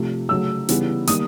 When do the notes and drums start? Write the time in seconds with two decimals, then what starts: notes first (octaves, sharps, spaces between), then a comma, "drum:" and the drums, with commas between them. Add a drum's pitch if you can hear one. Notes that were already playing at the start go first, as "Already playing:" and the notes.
Already playing: C3 F3 A3
0.29 C#3 F#3 A3 E6
0.69 C#3 E3 G3 B3, drum: hi-hat
1.07 D#3 G3 A#3 D#6, drum: hi-hat